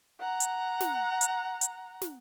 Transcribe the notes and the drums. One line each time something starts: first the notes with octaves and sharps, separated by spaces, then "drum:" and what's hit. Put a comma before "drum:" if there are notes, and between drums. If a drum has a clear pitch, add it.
F#5 A#5
drum: hi-hat
drum: snare
drum: hi-hat
drum: hi-hat
drum: snare